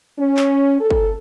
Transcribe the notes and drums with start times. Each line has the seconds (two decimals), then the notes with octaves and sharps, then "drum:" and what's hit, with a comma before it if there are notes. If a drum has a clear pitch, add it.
0.19 C#4
0.37 drum: clap
0.80 A4
0.91 drum: kick